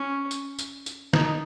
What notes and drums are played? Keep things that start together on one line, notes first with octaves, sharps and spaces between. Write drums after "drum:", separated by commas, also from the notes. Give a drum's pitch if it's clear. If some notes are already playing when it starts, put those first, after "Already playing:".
Already playing: C#4
drum: tambourine
drum: tambourine
drum: tambourine
D#4, drum: snare